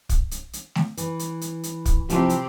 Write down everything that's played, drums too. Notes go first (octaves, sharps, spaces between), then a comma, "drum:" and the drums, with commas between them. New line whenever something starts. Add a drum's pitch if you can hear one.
drum: kick, hi-hat
drum: hi-hat
drum: hi-hat
drum: snare A3
E3, drum: hi-hat
drum: hi-hat
drum: hi-hat
drum: hi-hat
drum: kick, hi-hat
C3 F3 C4 E4 G4, drum: hi-hat
drum: hi-hat